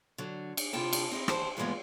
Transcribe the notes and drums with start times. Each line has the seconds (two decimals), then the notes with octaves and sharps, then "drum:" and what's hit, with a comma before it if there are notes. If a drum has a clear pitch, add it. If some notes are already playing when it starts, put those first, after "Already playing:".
0.18 D3 F#3
0.57 drum: cymbal
0.73 D2 C3 E4 F4 G5 A5
0.93 drum: cymbal
1.11 C4 D#4 E4
1.28 D#2 E3 G4 C5 A5, drum: rim click
1.57 G2 E3 F3 G#3 A#3 B3